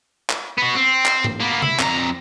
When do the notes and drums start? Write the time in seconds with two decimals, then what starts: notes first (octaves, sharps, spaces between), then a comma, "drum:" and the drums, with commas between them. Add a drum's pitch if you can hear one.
0.30 drum: clap
0.58 B3 F#4
0.75 C4
1.05 drum: clap
1.24 drum: tom
1.40 A#3 B3
1.62 E4, drum: tom C3
1.79 F2 A#5, drum: clap